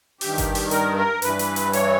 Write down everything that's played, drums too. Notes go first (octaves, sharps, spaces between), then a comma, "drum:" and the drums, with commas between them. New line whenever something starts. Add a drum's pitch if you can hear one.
G2 D#3 G4, drum: open hi-hat
drum: kick G1, hi-hat
drum: open hi-hat
A#4, drum: hi-hat
A#4
G2 E3 B4, drum: hi-hat
drum: hi-hat
drum: hi-hat
C#5, drum: hi-hat